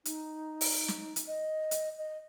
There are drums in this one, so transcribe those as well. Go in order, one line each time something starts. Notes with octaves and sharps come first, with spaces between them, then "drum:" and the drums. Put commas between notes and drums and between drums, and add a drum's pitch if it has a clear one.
D#4, drum: hi-hat
drum: open hi-hat
drum: snare
drum: hi-hat
D#5
drum: hi-hat
D#5